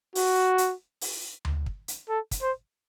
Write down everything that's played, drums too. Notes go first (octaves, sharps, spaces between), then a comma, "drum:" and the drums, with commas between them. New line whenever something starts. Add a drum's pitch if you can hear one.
F#4, drum: open hi-hat
drum: hi-hat
drum: open hi-hat
drum: tom D2
drum: kick
drum: hi-hat
A4
drum: kick, hi-hat
C5